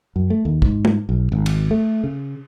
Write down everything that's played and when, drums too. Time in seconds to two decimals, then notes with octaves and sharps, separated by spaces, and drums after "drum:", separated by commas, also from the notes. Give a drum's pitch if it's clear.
0.16 F#2
0.30 A3
0.45 D#2
0.62 G#2, drum: kick
0.85 drum: tom
1.09 B1
1.32 G#1
1.46 drum: cymbal
1.71 A3
2.04 C#3